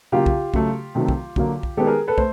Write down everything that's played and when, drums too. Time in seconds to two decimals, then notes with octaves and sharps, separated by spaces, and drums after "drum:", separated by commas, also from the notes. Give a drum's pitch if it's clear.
0.12 C#3 F#3 A#3 F4 G4
0.26 drum: kick
0.54 C#3 F#3 A3, drum: kick
0.95 C3 D#3 F#3 A3
1.09 drum: kick
1.36 D3 F#3 A#3, drum: kick
1.63 drum: kick
1.77 D#3 G#3 B3 G4 A4
1.87 G#4 A#4
2.08 A4 B4
2.18 A3 C5, drum: kick